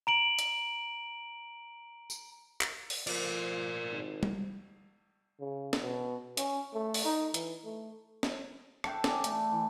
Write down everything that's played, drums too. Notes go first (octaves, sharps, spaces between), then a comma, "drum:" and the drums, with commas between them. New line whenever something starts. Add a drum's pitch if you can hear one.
A#5 D7 F#7
drum: hi-hat
drum: tambourine
drum: clap
drum: open hi-hat
F3 A#4 D5, drum: cymbal
G#1
drum: tom G3
C#3
drum: snare
B2
C#4, drum: hi-hat
A3
drum: open hi-hat
D#4
E3, drum: hi-hat
A3
drum: snare
A4 E5 F#5 G5, drum: rim click
D5 G#5, drum: snare
A3, drum: hi-hat
E3